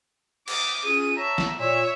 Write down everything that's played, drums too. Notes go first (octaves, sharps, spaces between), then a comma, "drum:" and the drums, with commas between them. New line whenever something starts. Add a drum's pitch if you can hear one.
D6 D#6, drum: cymbal
C#4 F4 G#4 D#7
C#5 E5 A5 A#5
drum: snare
A#2 C#5 E5